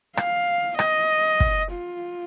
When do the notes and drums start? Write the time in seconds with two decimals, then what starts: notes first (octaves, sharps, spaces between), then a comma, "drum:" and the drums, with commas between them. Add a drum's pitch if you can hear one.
0.17 F5, drum: rim click
0.79 D#5, drum: rim click
1.40 drum: kick
1.71 F4